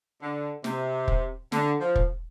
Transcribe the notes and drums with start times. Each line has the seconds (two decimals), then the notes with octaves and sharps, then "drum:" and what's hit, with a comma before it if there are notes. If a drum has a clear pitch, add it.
0.20 D3
0.64 C3, drum: snare
1.08 drum: kick
1.52 D3, drum: snare
1.81 F3
1.96 drum: kick